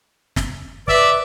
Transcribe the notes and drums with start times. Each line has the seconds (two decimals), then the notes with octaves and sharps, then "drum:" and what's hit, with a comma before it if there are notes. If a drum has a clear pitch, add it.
0.36 drum: snare
0.88 B4 D5 E5, drum: kick